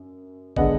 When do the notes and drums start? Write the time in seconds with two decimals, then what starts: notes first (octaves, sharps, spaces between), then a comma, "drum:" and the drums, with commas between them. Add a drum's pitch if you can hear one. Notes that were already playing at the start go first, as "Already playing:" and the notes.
Already playing: F#2
0.56 D3 G#3 B3 D#5 F#5, drum: kick